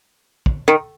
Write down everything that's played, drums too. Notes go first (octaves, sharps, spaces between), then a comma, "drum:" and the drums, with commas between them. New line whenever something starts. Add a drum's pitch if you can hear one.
drum: kick
D#3